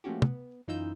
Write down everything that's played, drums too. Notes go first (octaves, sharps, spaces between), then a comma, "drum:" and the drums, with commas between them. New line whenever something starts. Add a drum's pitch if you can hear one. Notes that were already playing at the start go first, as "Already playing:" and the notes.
F3 A3 A#3 C#4 F#4 G4
B3, drum: tom
F#2 E3 D#4 F4 E6 G6